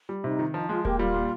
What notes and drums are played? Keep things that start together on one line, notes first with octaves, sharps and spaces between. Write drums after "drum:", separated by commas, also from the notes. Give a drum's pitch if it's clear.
G3
C3 D#4
D#3
F3 D#4
G#3 F4
A#3 G4, drum: kick D#1
G3 F4
A#2